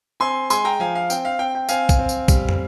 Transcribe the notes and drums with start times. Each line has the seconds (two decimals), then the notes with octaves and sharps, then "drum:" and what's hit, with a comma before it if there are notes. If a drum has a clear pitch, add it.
0.20 C4 G#5 C6
0.50 G#3 G#5 C6, drum: tambourine
0.65 G5 A#5
0.80 F3 F5 G#5
0.95 F5
1.10 C4 G5, drum: tambourine
1.25 F5
1.39 C4 G5
1.55 G5
1.69 C4 F5 G#5, drum: tambourine
1.89 drum: kick, tambourine
1.98 C4
2.09 drum: tambourine
2.28 G3, drum: kick, tambourine
2.49 drum: tom